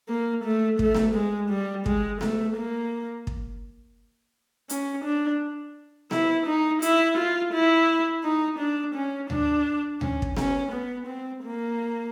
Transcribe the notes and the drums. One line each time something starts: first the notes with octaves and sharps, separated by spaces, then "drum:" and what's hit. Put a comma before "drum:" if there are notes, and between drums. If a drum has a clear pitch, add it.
A#3
A3
A3, drum: kick
drum: snare B3
G#3
G3
G#3, drum: kick
A3, drum: snare B3
A#3
drum: kick
C#4, drum: hi-hat
D4
E4, drum: snare B3
D#4
E4, drum: hi-hat
F4
E4
D#4
D4
C#4
D4, drum: tom D2
C#4, drum: tom D2
drum: kick
C#4, drum: snare B3
B3
C4
A#3